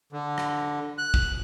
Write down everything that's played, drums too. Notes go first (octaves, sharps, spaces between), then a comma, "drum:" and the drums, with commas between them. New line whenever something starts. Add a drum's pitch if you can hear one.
D3
drum: rim click
F#6
drum: kick G#1